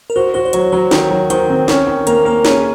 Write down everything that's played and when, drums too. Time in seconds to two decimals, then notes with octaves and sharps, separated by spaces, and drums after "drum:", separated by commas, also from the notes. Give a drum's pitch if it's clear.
0.10 A#4
0.16 F#4 C5
0.34 F#4 C5
0.45 C5
0.53 F#3 C#5, drum: hi-hat
0.72 F#3 C5
0.91 D#3 C#5, drum: snare
1.11 F#3
1.30 D#3 C5, drum: hi-hat
1.50 C4
1.68 C#4, drum: snare
1.87 D#3
2.07 A#3 A#4, drum: hi-hat
2.25 A#3 A#4
2.45 C#4 G#4, drum: snare